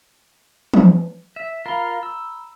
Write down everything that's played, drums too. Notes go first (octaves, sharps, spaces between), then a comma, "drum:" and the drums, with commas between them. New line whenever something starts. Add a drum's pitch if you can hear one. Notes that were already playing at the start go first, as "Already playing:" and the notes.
drum: tom E3
E5
F4 A#4 F5 A#5 B5 G7
E6